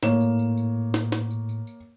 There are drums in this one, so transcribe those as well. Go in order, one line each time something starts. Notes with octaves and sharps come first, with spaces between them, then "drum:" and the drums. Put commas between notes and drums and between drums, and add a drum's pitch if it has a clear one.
A2 A#3 C#5 E7, drum: snare
drum: tambourine
drum: tambourine
drum: tambourine
drum: snare
drum: snare
drum: tambourine
drum: tambourine
drum: tambourine